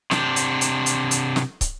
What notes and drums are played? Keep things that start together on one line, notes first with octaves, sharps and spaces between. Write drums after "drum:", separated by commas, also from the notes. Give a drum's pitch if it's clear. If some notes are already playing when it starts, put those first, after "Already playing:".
C3 D4, drum: snare
drum: hi-hat
drum: hi-hat
drum: hi-hat
drum: hi-hat
drum: snare
drum: kick, hi-hat